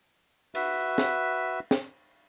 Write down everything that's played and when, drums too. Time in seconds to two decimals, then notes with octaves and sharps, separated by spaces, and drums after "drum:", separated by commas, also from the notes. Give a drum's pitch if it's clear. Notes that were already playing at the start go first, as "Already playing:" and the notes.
0.55 F#4 B4 E5, drum: cymbal
0.98 drum: snare
1.71 drum: snare